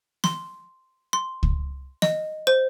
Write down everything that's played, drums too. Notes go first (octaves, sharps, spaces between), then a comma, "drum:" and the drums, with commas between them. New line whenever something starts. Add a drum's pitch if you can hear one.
C6, drum: snare
C6
drum: kick C#2
D#5, drum: snare
C5